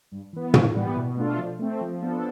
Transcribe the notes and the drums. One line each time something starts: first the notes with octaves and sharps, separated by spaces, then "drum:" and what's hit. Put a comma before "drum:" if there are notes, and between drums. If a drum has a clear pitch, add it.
G2
E3 B3
F2, drum: tom
E3 G3 B3
B2
A3 D4 F4 A4
F3
A3 C4
F3
B3 D4 A4